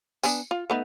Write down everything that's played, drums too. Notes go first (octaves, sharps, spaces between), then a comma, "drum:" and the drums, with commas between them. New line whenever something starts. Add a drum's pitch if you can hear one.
B3 D4 G#5, drum: tambourine
F4
A3 B3 D#4